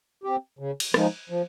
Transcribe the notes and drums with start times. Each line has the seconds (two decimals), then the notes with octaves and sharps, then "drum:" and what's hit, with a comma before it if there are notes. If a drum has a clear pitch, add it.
0.23 C4 G4
0.59 C#3
0.80 drum: cymbal
0.94 F3 G#3 D#4, drum: rim click
1.30 F3